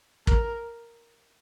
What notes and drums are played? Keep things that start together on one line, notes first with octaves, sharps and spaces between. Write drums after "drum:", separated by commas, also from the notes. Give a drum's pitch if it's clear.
A#4, drum: kick